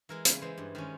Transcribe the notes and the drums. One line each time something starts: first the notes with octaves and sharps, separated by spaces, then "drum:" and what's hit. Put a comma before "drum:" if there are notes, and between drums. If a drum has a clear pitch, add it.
E3 G#3 A#4
C#3 B4, drum: hi-hat
E3 G#3 C5
G2
D#3 G#3 C#4